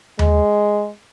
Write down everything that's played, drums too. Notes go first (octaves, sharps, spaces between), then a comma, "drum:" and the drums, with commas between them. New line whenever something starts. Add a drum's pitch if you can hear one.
G#3, drum: tom D#2